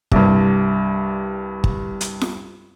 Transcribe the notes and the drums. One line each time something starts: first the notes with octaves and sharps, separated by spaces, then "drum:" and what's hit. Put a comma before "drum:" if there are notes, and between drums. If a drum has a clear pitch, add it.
C2 G2, drum: kick
drum: kick
drum: hi-hat
drum: snare F4